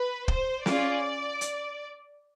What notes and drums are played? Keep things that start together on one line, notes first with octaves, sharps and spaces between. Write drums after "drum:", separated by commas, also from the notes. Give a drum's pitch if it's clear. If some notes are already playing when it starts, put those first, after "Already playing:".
Already playing: B4
C5, drum: kick
C#4 F4 G#4 D5, drum: snare
drum: hi-hat